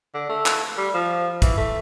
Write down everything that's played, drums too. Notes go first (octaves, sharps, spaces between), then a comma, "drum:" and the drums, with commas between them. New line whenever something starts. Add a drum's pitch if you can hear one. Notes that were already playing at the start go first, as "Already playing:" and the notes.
D3
A3
drum: clap
G3
F3
E3, drum: kick, hi-hat
A3